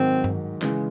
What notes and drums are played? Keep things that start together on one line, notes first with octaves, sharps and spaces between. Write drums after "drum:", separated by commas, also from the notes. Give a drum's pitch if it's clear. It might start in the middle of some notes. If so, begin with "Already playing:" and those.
Already playing: G#2 D#3 F#3 C4
drum: tom G2
C#3 E3 G#3, drum: clap